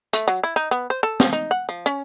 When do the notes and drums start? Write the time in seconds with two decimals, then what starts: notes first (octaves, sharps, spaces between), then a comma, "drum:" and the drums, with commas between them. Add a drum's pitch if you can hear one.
0.13 A3, drum: hi-hat
0.28 F#3
0.43 E4
0.56 D#4
0.71 B3
0.90 C5
1.03 A4
1.20 F3, drum: snare
1.33 D#4
1.51 F#5
1.69 F3
1.86 C#4